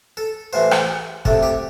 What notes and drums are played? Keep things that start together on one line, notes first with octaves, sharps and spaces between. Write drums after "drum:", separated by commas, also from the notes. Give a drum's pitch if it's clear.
A4
A1 A2 E3 A3 C5
drum: rim click
D2 C3 A3 A4, drum: kick
G4